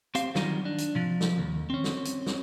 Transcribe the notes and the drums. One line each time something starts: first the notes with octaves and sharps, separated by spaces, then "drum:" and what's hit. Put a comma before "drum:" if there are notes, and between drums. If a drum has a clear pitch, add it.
C4 G4 F5, drum: hi-hat
D#3 F#3 G3 D#4 F4, drum: snare
D4
drum: hi-hat
C3 F3
drum: snare
D#2
C4 C#4
drum: snare
drum: hi-hat
drum: snare